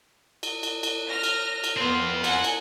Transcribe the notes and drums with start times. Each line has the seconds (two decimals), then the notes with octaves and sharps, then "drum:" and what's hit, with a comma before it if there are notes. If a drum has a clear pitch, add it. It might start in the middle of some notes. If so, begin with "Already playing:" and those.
0.43 drum: cymbal
0.63 drum: cymbal
0.83 drum: cymbal
1.09 F6 A#6
1.23 drum: cymbal
1.64 drum: cymbal
1.77 B3 C4 F4
2.24 F#5 G#5, drum: cymbal
2.44 drum: cymbal